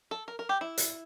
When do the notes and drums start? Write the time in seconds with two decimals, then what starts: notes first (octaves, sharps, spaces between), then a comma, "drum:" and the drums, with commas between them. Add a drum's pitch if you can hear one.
0.11 A4
0.28 A#4
0.39 A#4
0.49 G4
0.61 E4
0.78 drum: hi-hat